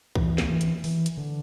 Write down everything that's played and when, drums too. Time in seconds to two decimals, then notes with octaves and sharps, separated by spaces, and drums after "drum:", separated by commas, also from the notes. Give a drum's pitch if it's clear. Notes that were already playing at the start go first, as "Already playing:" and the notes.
0.15 E3, drum: kick
0.38 drum: snare
0.50 E3
0.61 drum: hi-hat
0.84 E3, drum: open hi-hat
1.06 drum: hi-hat
1.17 D3